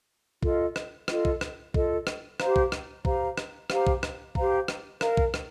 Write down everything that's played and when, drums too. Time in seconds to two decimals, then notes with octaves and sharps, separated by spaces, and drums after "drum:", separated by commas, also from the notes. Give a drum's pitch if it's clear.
0.43 F4 A4 D#5, drum: kick
0.76 drum: rim click
1.08 F4 A4 D#5, drum: rim click
1.25 drum: kick
1.41 drum: rim click
1.74 F4 A4 D#5, drum: kick
2.07 drum: rim click
2.40 G4 C5 F5 A#5, drum: rim click
2.56 drum: kick
2.72 drum: rim click
3.05 G4 C5 F5 A#5, drum: kick
3.38 drum: rim click
3.70 G4 C5 F5 A#5, drum: rim click
3.87 drum: kick
4.03 drum: rim click
4.35 G4 C5 F5 A#5, drum: kick
4.68 drum: rim click
5.01 A#4 F5 A#5, drum: rim click
5.17 drum: kick
5.34 drum: rim click